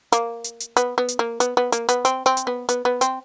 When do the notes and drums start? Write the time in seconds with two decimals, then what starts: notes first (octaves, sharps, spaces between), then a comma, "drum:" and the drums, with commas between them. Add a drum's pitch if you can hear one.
0.12 A#3, drum: hi-hat
0.44 drum: hi-hat
0.60 drum: hi-hat
0.77 B3, drum: hi-hat
0.98 B3
1.08 drum: hi-hat
1.19 A#3
1.40 B3, drum: hi-hat
1.57 B3
1.72 A#3, drum: hi-hat
1.89 B3, drum: hi-hat
2.05 C4, drum: hi-hat
2.26 C4
2.37 drum: hi-hat
2.47 B3
2.69 B3, drum: hi-hat
2.85 B3
3.01 C4, drum: hi-hat